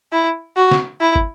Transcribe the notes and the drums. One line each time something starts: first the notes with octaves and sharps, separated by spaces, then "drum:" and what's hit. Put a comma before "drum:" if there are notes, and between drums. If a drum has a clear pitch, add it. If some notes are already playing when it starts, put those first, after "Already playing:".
E4
F#4
drum: snare
E4
drum: kick